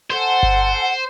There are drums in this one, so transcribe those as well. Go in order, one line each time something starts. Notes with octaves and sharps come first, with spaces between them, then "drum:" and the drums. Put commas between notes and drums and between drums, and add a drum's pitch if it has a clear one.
A4 C5 F#5 G#5
drum: kick G1